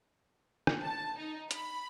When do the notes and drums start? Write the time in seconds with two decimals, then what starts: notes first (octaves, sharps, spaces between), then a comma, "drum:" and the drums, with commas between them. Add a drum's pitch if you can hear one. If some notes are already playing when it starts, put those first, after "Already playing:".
0.67 drum: rim click
0.81 A5
1.17 D#4
1.51 B5, drum: hi-hat